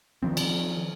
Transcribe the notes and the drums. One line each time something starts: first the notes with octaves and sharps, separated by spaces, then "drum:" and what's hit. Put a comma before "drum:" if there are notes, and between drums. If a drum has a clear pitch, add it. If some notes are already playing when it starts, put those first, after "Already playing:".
D#3 F3 C4
drum: cymbal